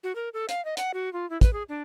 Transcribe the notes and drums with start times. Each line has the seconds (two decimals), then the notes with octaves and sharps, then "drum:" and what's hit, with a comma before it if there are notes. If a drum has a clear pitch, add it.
0.04 F#4
0.15 A#4
0.34 A4
0.49 F5, drum: hi-hat
0.65 D#5
0.77 F#5, drum: hi-hat
0.94 F#4
1.13 F4
1.30 E4
1.41 B4, drum: kick, hi-hat
1.53 G#4
1.69 D4